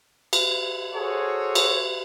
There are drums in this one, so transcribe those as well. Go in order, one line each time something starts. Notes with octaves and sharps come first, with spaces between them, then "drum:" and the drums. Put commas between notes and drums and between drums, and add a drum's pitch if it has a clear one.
drum: cymbal
F#4 G#4 A4 C5 C#5
drum: cymbal